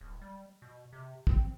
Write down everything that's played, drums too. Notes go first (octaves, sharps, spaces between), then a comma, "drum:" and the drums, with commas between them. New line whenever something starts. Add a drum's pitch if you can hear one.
D1
G3
B2
C3
C4, drum: kick